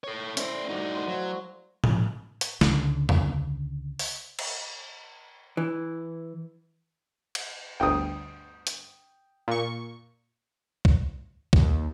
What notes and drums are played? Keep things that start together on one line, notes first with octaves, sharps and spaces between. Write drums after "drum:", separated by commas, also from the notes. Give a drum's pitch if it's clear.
A4 C#5
A3 C#4 D4 E4 C5, drum: hi-hat
G2 D#4 F#4
C5 F#5 C6
F#3 F5 F#5
drum: tom A2
drum: hi-hat
C#2 D3, drum: snare
drum: tom E2
drum: open hi-hat
drum: cymbal
E3
drum: cymbal
G1 D2 G5 D#6
drum: hi-hat
A#2 C#6
drum: kick
D#2, drum: kick